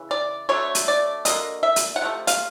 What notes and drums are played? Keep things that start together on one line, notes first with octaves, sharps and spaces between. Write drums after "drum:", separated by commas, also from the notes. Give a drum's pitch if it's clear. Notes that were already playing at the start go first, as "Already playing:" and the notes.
Already playing: C#3 E3
D5
D3 F#3 A3 C#5
drum: hi-hat
D5
D3 F#3 A#3 D#5, drum: hi-hat
E5
drum: hi-hat
F#5
C3 F3 A3
F5, drum: hi-hat